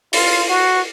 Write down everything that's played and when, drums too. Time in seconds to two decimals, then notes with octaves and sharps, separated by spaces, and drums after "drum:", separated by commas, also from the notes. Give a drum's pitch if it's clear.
0.13 F4, drum: open hi-hat
0.49 F#4